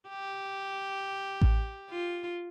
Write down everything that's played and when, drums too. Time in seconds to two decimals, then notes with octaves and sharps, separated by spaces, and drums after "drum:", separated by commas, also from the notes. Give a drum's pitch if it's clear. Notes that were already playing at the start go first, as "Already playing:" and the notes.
0.09 G4
1.41 drum: kick A1
1.90 F4